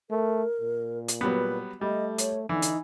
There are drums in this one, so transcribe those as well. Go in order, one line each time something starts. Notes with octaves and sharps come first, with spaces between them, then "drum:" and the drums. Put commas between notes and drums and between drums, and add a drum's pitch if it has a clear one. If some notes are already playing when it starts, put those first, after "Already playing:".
A3 A#4
A#2
drum: hi-hat
F#3 G3 B3 B4
G3 A3 D#5
C#5, drum: hi-hat
D3 E3 D#4
drum: hi-hat